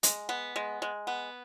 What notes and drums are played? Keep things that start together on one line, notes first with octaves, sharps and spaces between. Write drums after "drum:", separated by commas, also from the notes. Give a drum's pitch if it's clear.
G#3, drum: hi-hat
B3
G#3
G#3
B3